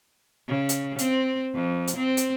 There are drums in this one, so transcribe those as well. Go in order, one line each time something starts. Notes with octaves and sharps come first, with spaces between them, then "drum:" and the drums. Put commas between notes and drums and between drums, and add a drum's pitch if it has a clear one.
C#3
drum: hi-hat
C4, drum: hi-hat
F2
drum: hi-hat
C4
drum: hi-hat